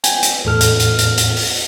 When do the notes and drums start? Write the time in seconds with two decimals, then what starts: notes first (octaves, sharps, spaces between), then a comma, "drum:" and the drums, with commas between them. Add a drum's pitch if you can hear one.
0.04 G5 G#5, drum: hi-hat
0.23 drum: hi-hat
0.45 E2 A2 A4 F6
0.61 drum: hi-hat
0.80 drum: hi-hat
0.99 drum: hi-hat
1.17 drum: hi-hat
1.36 drum: open hi-hat